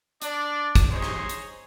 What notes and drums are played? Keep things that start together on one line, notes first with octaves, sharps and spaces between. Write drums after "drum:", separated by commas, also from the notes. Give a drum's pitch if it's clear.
D4 D5, drum: hi-hat
drum: kick, hi-hat
D#4 G#4 C5 C#5
drum: rim click
drum: hi-hat